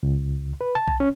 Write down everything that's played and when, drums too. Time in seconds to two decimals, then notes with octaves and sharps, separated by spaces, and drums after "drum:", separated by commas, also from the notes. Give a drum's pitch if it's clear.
0.03 C#2
0.61 B4
0.75 A5
0.88 drum: kick B1
1.00 C#4